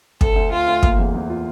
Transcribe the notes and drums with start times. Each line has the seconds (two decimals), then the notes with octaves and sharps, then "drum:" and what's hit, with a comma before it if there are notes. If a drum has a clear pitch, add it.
0.21 D2 A4, drum: kick
0.36 D2
0.52 D2 F4
0.68 D2
0.83 A#3, drum: kick
0.99 E2
1.14 E2
1.30 F4